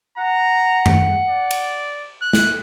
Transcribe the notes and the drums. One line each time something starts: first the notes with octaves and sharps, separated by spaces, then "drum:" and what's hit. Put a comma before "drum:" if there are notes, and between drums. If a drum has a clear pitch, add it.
F#5 A#5
drum: tom F#2
D5
drum: cymbal
F#6
drum: snare